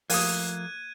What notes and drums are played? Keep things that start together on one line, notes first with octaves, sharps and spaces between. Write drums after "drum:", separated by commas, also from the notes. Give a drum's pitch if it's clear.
F3 A3 A#3 D#6 F#6 G#6 D#7, drum: open hi-hat